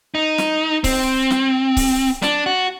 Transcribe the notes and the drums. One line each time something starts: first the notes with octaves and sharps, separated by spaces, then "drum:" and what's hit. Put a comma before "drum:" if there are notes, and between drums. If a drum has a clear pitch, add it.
D#4
drum: snare
C4, drum: kick C#1, open hi-hat
drum: snare
drum: kick C#1, open hi-hat
D4, drum: snare
F#4